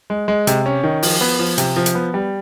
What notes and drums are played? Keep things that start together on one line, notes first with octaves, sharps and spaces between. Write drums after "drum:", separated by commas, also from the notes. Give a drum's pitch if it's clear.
G#3
G#3
C3, drum: hi-hat
C#4
D#3
F3, drum: open hi-hat
B3
F3
C3, drum: hi-hat
F3
drum: hi-hat
B3
G3